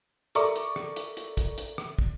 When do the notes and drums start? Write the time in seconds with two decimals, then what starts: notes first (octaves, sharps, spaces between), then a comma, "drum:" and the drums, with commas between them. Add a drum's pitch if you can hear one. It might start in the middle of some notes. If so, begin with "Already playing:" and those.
0.35 A4 A#4 D5 E5 C#6 D6, drum: hi-hat
0.56 drum: hi-hat
0.76 drum: rim click
0.96 drum: hi-hat
1.17 drum: hi-hat
1.37 drum: kick, hi-hat
1.58 drum: hi-hat
1.78 drum: rim click
1.99 drum: kick